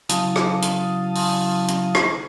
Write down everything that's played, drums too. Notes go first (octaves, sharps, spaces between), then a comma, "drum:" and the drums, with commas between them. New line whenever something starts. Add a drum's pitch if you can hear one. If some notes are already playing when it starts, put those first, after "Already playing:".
C#3 F#3 E4 F5 A5 D#6, drum: hi-hat
drum: rim click
drum: hi-hat
drum: open hi-hat
drum: hi-hat
drum: rim click